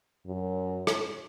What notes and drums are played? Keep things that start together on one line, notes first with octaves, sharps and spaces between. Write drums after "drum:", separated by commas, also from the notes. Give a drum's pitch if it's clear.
F#2
drum: rim click